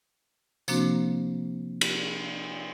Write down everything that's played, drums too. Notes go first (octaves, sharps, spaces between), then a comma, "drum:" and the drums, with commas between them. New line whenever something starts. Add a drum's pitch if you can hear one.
C3 F3 A#3 C4 D4 F#4, drum: tambourine
drum: cymbal